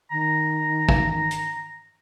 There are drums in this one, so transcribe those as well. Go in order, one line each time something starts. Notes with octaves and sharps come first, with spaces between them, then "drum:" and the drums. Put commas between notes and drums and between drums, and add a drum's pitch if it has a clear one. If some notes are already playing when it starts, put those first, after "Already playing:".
D#3 A#5
drum: kick
drum: hi-hat